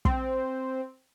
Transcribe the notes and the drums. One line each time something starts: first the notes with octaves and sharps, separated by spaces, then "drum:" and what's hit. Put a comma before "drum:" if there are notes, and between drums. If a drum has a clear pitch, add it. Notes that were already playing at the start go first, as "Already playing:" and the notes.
C4, drum: kick